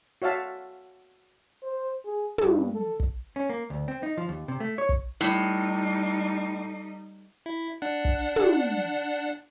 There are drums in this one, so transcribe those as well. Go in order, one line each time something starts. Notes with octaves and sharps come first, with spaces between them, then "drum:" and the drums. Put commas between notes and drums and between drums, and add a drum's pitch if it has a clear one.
F#4 C#5 E5 F5 A5
C5
G#4
G2, drum: tom
A4
drum: kick
C#4
A#3
D2
C4
D#4
F3
D#2
C3
A3
C#5
drum: kick
A2 G3 D#4
E4
D4 F#5
drum: kick
drum: tom